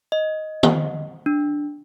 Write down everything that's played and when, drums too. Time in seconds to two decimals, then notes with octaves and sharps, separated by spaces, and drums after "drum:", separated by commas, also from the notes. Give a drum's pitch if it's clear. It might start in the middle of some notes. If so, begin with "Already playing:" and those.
0.12 D#5
0.63 drum: tom D#3
1.26 D4